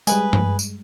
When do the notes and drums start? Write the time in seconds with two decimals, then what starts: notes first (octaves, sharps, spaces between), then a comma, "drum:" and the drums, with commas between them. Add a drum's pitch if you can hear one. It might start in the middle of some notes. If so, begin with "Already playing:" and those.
0.07 G3 G#3 G#4 B4, drum: tambourine
0.33 drum: tom G2
0.59 drum: tambourine